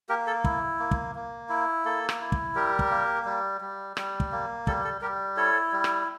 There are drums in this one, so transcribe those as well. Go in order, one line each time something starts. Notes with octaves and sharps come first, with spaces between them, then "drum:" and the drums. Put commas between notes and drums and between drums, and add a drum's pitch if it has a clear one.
A#3 G4 A#4
A4
E4, drum: kick
A#3
drum: kick
A#3
E4
A#3 A4
drum: rim click
E4
drum: kick
G3 G4 A#4
drum: kick
A#3
G3
G3
G3, drum: rim click
drum: kick
A#3
G3 A4, drum: kick
A4
G3 G4 A#4
E4 A4 C#5
G3
drum: rim click